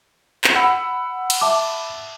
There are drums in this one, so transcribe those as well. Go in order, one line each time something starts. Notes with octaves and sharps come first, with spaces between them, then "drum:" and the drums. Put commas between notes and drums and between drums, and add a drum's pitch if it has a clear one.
drum: clap
F#5 B5 E6
drum: cymbal
E5 A5 D6